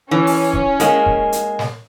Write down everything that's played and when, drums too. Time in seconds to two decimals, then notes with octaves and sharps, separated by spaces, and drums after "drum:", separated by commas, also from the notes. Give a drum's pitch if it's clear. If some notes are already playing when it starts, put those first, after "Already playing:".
0.11 E3 C#4
0.27 drum: open hi-hat
0.53 drum: kick
0.80 G#3 A#3, drum: hi-hat
1.06 drum: kick
1.32 drum: hi-hat
1.59 drum: snare